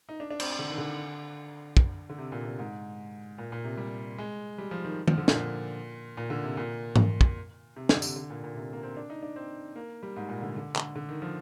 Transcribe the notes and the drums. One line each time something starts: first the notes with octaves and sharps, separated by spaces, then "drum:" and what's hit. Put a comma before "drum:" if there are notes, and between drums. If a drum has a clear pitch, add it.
D#4
D4
D4
C4, drum: cymbal
D3
D#3
D3
drum: kick
D3
C3
A#2
C3
G#2
A#2
A#2
C3
G3
G#3
G3
F3
D#3
F3, drum: tom
D3
A#2, drum: snare
A#2
D3
C3
A#2
drum: tom G#2
drum: kick
C3
D3, drum: snare
C3, drum: tambourine
D3
A#2
A#2
C3
A#3
C4
D4
D#4
D4
C4
A#3
G3
G#2
A#2
D3
D3
D3, drum: clap
D3
D#3
F3